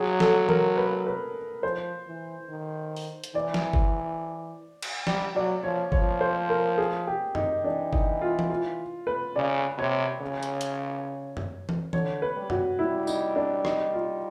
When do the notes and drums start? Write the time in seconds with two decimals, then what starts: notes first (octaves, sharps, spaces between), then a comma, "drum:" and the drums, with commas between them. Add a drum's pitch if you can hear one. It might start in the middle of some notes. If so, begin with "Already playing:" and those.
Already playing: F#3 G#4
0.20 A4, drum: snare
0.49 A#4, drum: tom E3
0.77 B4
1.06 B4
1.63 F3 C5
2.07 E3
2.49 D#3
2.96 drum: open hi-hat
3.24 drum: hi-hat
3.35 E3 D5
3.54 drum: snare
3.73 drum: kick G1
4.82 drum: cymbal
5.07 G3, drum: snare
5.35 F#3 D5
5.63 F3 C#5
5.92 F3 C#5, drum: kick G1
6.21 C5
6.49 A#4
6.78 G#4
7.07 G4
7.35 D#4, drum: tom F#2
7.64 E3 D4
7.93 D#4, drum: kick G1
8.22 F4
8.39 drum: tom E3
8.50 F4
9.07 B4
9.36 C#3 D5
9.78 C3 C#5
10.21 C#3
10.43 drum: hi-hat
10.61 drum: hi-hat
11.37 drum: tom F#2
11.69 drum: tom E3
11.93 D3 C#5, drum: tom E3
12.22 B4
12.36 G3
12.50 F#4, drum: tom F#2
12.79 G3 E4
13.07 D#4, drum: tambourine
13.36 D4
13.65 D#4, drum: rim click
13.93 F4